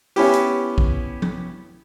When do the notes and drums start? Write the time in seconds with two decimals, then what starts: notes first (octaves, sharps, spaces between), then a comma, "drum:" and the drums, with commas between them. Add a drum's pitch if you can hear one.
0.16 B3 C#4 E4 G4, drum: open hi-hat
0.33 drum: hi-hat
0.78 drum: kick A#1
1.22 drum: tom F3